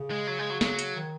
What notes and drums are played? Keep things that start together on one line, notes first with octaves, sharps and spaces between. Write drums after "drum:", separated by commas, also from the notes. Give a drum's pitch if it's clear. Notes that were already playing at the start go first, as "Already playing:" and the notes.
Already playing: C#3
G#3
F#3
G#3
F#3
F#3, drum: snare
drum: hi-hat
D#3